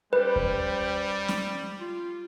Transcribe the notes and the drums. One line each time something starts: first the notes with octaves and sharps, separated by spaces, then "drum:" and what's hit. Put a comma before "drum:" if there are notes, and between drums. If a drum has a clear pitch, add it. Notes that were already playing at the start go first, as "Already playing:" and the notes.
G3 C#4 B4 C5
drum: kick D#2
drum: snare C#4
F4